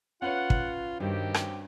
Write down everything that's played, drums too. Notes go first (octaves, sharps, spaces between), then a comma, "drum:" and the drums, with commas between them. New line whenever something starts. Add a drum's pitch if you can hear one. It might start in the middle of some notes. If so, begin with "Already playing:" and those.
C#4 F4 B4 C#5 F#5
drum: kick
G2 D#3 C4 F#4 G4
drum: rim click